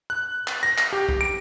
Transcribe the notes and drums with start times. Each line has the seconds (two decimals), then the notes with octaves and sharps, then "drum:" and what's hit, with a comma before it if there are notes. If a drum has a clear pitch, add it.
0.10 F#6
0.48 drum: clap
0.63 A#6
0.78 drum: clap
0.93 G4
1.09 drum: kick
1.21 D7